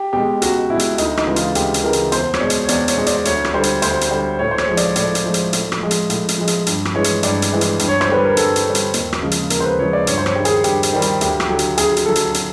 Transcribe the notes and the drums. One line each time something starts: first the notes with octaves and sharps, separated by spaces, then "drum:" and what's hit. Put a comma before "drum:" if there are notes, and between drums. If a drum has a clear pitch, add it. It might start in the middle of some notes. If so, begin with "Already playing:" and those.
Already playing: G4
B2 G#3 G4
C#2 F#4, drum: hi-hat
B2 G#3 E4
drum: hi-hat
D2 D#4, drum: hi-hat
D#4, drum: rim click
C#3 E3 G#3
F4, drum: hi-hat
D2 G4, drum: hi-hat
drum: hi-hat
C#3 E3 G#3 A#4
drum: hi-hat
E2 C5, drum: hi-hat
C#5, drum: rim click
B2 G#3 D5
drum: hi-hat
C#5
E2 D5, drum: hi-hat
C#5, drum: hi-hat
B2 G#3
D5, drum: hi-hat
D2 C#5, drum: hi-hat
drum: rim click
D3 G3 C5
drum: hi-hat
D2 C5, drum: hi-hat
drum: hi-hat
D3 G3
A2 C#5
C5
C#5, drum: rim click
F3 G#3
D5, drum: hi-hat
A2 D5, drum: hi-hat
drum: hi-hat
F3 G#3
drum: hi-hat
A2, drum: hi-hat
drum: rim click
F3 G#3
drum: hi-hat
A2, drum: hi-hat
drum: hi-hat
F3 G#3
drum: hi-hat
G2, drum: hi-hat
drum: rim click
E3 G#3 C#5
drum: hi-hat
G2 D5, drum: hi-hat
drum: hi-hat
E3 G#3
drum: hi-hat
G2, drum: hi-hat
C#5
C5, drum: rim click
D3 G3 B4
A#4
G2 A4, drum: hi-hat
drum: hi-hat
D3 G3
drum: hi-hat
D#2, drum: hi-hat
drum: rim click
C#3 F3 G#3
drum: hi-hat
D#2 A#4, drum: hi-hat
C5
B4
C#3 F3 G#3 C#5
D5
G2 C#5, drum: hi-hat
C5
C#5, drum: rim click
D#3 G3
G#4, drum: hi-hat
G2 G4, drum: hi-hat
drum: hi-hat
D#3 G3
drum: hi-hat
D2 G4, drum: hi-hat
drum: rim click
D3 F#3 G4
drum: hi-hat
D2 G#4, drum: hi-hat
drum: hi-hat
D3 F#3 A4
drum: hi-hat
drum: hi-hat